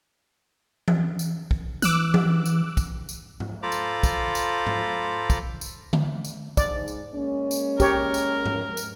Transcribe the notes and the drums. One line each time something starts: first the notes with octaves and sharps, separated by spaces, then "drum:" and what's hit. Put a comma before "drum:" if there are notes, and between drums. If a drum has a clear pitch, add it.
drum: tom E3
drum: tambourine
drum: kick
E3 D6 E6 F#6, drum: tambourine
drum: tom E3
drum: tambourine
drum: kick, tambourine
drum: tambourine
drum: tom G#2
F4 A4 C5 A#5 B5 D6
drum: tambourine
drum: kick, tambourine
drum: tambourine
drum: tom G#2
drum: kick, tambourine
drum: tambourine
drum: tom D3
drum: tambourine
G#2 D5, drum: kick, tambourine
drum: tambourine
G#3 A#3 C#4
drum: tambourine
G4 A#4 C#5, drum: kick, tambourine
drum: tambourine
drum: tom G#2
drum: tambourine